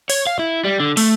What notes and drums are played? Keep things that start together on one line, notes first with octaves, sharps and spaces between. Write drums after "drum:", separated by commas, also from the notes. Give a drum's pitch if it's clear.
C#5, drum: open hi-hat
F5
E4
G3
D3
A3, drum: open hi-hat